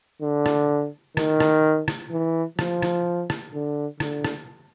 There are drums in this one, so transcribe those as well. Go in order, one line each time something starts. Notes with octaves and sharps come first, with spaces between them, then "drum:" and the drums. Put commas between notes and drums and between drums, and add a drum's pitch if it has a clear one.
D3
drum: rim click
D#3, drum: rim click
drum: rim click
drum: rim click
E3
F3, drum: rim click
drum: rim click
drum: rim click
D3
D3, drum: rim click
drum: rim click